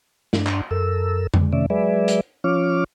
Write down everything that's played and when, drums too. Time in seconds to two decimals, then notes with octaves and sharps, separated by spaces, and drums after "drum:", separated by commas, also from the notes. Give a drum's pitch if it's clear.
0.33 G2 D4, drum: snare
0.47 drum: clap
0.71 F#2 A4 A#4 E6
1.34 D3 G#3, drum: tom F2
1.53 C3 D#3 A3 C#4 D5 E5
1.70 F#3 G#3 G#4 B4 D5 E5
2.08 drum: hi-hat
2.44 F3 C#4 F4 C#5 D6 F6